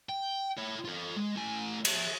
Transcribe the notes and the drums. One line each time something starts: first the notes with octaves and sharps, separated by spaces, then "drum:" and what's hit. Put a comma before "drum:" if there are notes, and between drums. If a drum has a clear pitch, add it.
G5
E4 C#5
F4 A4
G#3
A2 G#5
G#4 E5, drum: cymbal